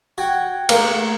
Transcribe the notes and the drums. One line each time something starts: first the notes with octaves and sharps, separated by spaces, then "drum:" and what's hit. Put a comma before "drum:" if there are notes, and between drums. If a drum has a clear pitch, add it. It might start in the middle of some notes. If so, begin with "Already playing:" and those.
F#4 F#5 G5 G#6
A3 A#3 A#4, drum: cymbal